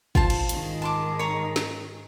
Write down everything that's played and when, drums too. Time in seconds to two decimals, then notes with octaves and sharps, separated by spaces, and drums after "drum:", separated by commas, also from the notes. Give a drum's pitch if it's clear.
0.15 F4 C5 A5, drum: kick
0.30 drum: cymbal
0.49 G#2 D#3 G#4, drum: hi-hat
0.82 A5 C6 D6
1.19 C#5 A#5
1.56 drum: snare